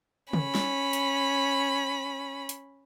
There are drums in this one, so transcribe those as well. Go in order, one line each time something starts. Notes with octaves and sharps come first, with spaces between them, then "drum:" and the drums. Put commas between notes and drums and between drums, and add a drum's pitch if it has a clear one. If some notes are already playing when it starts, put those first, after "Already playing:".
C#4 B5, drum: tom
drum: snare
drum: hi-hat
drum: hi-hat